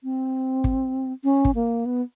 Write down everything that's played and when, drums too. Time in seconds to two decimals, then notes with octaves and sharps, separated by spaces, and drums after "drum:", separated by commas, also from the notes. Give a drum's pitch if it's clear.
0.04 C4
0.64 drum: kick
1.24 C#4
1.45 drum: kick
1.55 A#3
1.86 B3